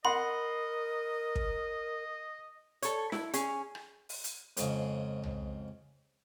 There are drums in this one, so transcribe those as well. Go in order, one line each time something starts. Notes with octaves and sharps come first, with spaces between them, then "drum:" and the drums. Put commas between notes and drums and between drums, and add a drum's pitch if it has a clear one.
A#4 D#5 F#5 B5 C6
drum: kick
A4 C#5, drum: hi-hat
E4, drum: snare
C#4 G#4, drum: hi-hat
drum: rim click
drum: open hi-hat
drum: hi-hat
F2 G#2 C#3, drum: hi-hat
drum: tom C2